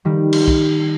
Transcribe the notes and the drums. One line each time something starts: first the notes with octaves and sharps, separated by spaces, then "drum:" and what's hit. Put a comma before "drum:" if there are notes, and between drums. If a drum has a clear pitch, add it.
D#3 G3
drum: cymbal
drum: kick